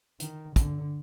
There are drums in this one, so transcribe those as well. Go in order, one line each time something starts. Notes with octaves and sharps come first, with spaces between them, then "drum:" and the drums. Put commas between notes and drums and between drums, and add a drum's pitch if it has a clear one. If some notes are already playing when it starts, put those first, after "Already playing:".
D#3, drum: hi-hat
D3, drum: kick, hi-hat